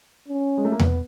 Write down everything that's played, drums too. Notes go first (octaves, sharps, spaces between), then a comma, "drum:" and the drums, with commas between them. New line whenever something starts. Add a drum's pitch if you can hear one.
C#4
G#3
A3
A#3
B3, drum: tom E2